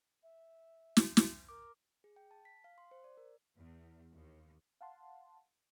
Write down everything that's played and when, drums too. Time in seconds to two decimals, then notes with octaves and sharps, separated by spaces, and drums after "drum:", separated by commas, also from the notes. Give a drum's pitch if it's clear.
0.23 E5
0.97 drum: snare
1.17 drum: snare
1.49 A#4 D6
2.04 G#4
2.16 G5
2.31 A5
2.45 B6
2.64 F5
2.78 C6
2.91 C5
3.04 D5
3.17 A#4
3.57 E2
4.13 D#2
4.81 F5 F#5 A5 C6